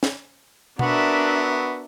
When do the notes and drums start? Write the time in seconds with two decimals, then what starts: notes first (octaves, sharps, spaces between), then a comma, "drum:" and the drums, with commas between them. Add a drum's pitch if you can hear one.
0.03 drum: snare
0.79 B3 D4 F#4 A#4 E5, drum: tom B2